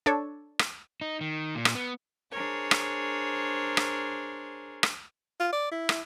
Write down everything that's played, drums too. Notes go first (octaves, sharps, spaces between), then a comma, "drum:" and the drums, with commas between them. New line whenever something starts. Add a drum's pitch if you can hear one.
D4 A4 C#5
drum: rim click
D#4
D#3
A#2
drum: rim click
B3
D4 G#4 A#4 C5 C#5
drum: rim click
drum: rim click
drum: rim click
F4
D5
E4
drum: rim click